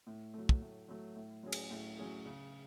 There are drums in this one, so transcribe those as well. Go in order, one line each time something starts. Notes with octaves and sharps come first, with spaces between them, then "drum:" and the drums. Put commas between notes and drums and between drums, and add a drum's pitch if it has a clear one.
A2
F#3 A3
drum: kick
A2
F#3 A3
A2
F#3 C#4 G#4
drum: cymbal
A2
F#3 C#4 G#4
C#3